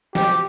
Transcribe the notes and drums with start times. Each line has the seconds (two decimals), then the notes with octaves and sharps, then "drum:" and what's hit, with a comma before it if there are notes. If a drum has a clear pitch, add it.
0.15 G4, drum: snare